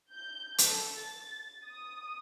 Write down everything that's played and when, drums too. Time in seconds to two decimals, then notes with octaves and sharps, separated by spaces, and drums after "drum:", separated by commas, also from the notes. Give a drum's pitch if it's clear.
0.13 G6
0.58 A4, drum: hi-hat
0.98 A6
1.67 D#6